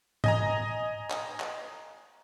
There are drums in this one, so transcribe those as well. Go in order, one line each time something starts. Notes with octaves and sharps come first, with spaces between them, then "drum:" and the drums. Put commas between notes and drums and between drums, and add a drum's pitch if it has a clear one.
D#5 G#5 A#5, drum: tom
drum: clap
drum: clap